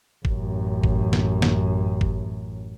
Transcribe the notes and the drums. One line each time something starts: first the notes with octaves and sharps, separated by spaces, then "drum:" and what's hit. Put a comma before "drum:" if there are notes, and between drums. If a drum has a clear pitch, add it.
A1 F#2, drum: kick
drum: kick
drum: snare
drum: snare
drum: kick